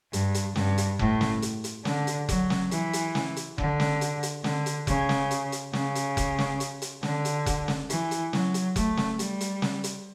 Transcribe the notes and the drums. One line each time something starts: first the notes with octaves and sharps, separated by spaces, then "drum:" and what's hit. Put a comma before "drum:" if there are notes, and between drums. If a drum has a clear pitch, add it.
G2, drum: hi-hat
drum: hi-hat
G2, drum: snare
drum: hi-hat
A2, drum: kick F1
drum: snare
drum: hi-hat
drum: hi-hat
D3, drum: snare
drum: hi-hat
F#3, drum: kick F1, hi-hat
drum: snare
E3, drum: hi-hat
drum: hi-hat
drum: snare
drum: hi-hat
D3, drum: kick F1
drum: snare
drum: hi-hat
drum: hi-hat
D3, drum: snare
drum: hi-hat
C#3, drum: kick F1, hi-hat
drum: snare
drum: hi-hat
drum: hi-hat
C#3, drum: snare
drum: hi-hat
drum: kick F1, hi-hat
drum: snare
drum: hi-hat
drum: hi-hat
D3, drum: snare
drum: hi-hat
drum: kick F1, hi-hat
drum: snare
E3, drum: hi-hat
drum: hi-hat
F#3, drum: snare
drum: hi-hat
A3, drum: kick F1, hi-hat
drum: snare
G3, drum: hi-hat
drum: hi-hat
drum: snare
drum: hi-hat